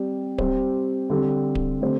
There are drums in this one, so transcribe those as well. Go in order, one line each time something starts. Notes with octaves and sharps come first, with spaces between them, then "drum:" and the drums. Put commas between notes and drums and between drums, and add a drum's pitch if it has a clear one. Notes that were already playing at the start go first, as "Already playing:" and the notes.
Already playing: G3 C4 G4 D5
G3 C4 G4 C5, drum: kick D1
D3 G3 C4 G4
drum: kick D1
D3 A3 C4 G4 C5